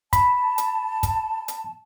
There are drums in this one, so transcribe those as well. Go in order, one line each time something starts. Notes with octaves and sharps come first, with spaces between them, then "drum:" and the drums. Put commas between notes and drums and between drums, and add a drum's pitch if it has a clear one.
A5 B5, drum: kick, hi-hat
drum: hi-hat
drum: kick, hi-hat
drum: hi-hat